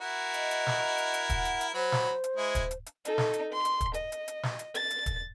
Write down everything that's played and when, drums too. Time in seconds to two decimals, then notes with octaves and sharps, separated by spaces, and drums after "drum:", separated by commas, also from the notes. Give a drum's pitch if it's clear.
0.01 E4 F#4 A#4
0.34 D#5, drum: hi-hat
0.51 drum: hi-hat
0.67 drum: snare
0.98 drum: hi-hat
1.14 drum: hi-hat
1.30 F#5, drum: kick, hi-hat
1.45 drum: hi-hat
1.61 drum: hi-hat
1.74 F#3 C5 B5
1.92 drum: snare
2.24 drum: hi-hat
2.36 G#3 E4
2.55 drum: kick, hi-hat
2.71 drum: hi-hat
2.86 drum: hi-hat
3.05 D#4 A4, drum: hi-hat
3.18 drum: snare
3.33 drum: hi-hat
3.53 C6
3.65 drum: hi-hat
3.81 drum: kick, hi-hat
3.94 D#5, drum: hi-hat
4.12 drum: hi-hat
4.28 drum: hi-hat
4.43 drum: snare
4.59 drum: hi-hat
4.75 A6, drum: hi-hat
4.90 drum: hi-hat
5.06 drum: kick, hi-hat